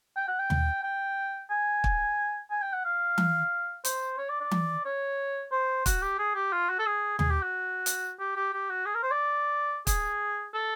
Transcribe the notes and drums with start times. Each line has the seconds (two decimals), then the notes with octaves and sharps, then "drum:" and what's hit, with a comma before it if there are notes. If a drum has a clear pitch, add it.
0.16 G5
0.28 F#5
0.39 G5
0.50 drum: tom D#2
0.83 G5
1.50 G#5
1.84 drum: kick
2.51 G#5
2.62 G5
2.73 F#5
2.85 F5
3.18 drum: tom E3
3.85 C5, drum: hi-hat
4.18 C#5
4.29 D5
4.40 D5
4.51 drum: tom E3
4.85 C#5
5.52 C5
5.86 F#4, drum: kick, hi-hat
6.02 G4
6.19 G#4
6.35 G4
6.52 F4
6.69 F#4
6.79 A4
6.86 G#4
7.19 G#4, drum: tom D#2
7.30 G4
7.42 F#4
7.86 drum: hi-hat
8.19 G4
8.36 G4
8.53 G4
8.70 F#4
8.86 G#4
8.95 A#4
9.03 C5
9.11 D5
9.87 G#4, drum: kick, hi-hat
10.54 A4